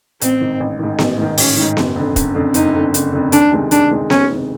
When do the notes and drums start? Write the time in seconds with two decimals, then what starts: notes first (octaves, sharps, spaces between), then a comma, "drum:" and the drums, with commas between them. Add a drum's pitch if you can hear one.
0.21 A1 C4, drum: hi-hat
0.41 G#2 D#3
0.60 A1
0.79 G#2 D#3
0.98 A1, drum: snare B3
1.18 G#2 D#3
1.38 A1 C#4, drum: open hi-hat
1.57 G#2 D#3
1.77 F#1, drum: snare B3
1.96 F2 D3
2.16 F#1, drum: kick E1, hi-hat
2.35 F2 D3
2.54 F#1 D#4, drum: hi-hat
2.74 F2 D3
2.94 F#1, drum: hi-hat
3.13 F2 D3
3.32 D2 D4, drum: hi-hat
3.52 C3 D#3 G#3
3.71 D2 D4, drum: hi-hat
3.90 C3 D#3 G#3
4.10 D2 C#4, drum: snare B3
4.29 C3 D#3 G#3